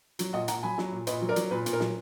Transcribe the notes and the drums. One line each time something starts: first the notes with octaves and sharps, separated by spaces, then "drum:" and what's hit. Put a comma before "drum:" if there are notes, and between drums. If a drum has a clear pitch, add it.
F#3, drum: hi-hat
A#2 D#5 F#5
A#2 F#5 A#5, drum: hi-hat
F#3 G#5 B5
F#3, drum: snare
A#2
A#2 B4 D#5, drum: hi-hat
F#3
A#4 D5
F#3, drum: hi-hat
A#2 B4
A#2, drum: hi-hat
A#4
F#3, drum: snare